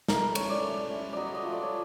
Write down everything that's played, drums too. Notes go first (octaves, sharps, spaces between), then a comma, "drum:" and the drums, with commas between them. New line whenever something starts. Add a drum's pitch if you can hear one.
A3 A#4, drum: snare
B4
C#4 E4 C#5, drum: cymbal
D5
A3
C#4 E4
F#3 D5 D#5
D#5
A3 D4 F4
D5
C#5